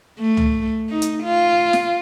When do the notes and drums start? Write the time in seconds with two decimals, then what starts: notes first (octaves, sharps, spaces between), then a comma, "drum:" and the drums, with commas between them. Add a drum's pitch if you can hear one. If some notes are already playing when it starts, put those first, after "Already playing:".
0.19 A3
0.37 drum: tom C#2
0.90 D#4
1.02 drum: hi-hat
1.23 F4
1.73 drum: snare